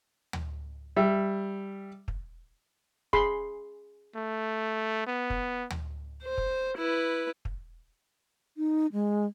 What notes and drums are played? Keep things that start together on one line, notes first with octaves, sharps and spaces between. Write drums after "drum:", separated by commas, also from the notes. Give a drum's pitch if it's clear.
drum: tom D2
G3 E5
drum: kick
G#4 B5 C6, drum: kick
A3
B3
drum: kick
drum: tom D2
C5
drum: kick
E4 B4
drum: kick
D#4
G#3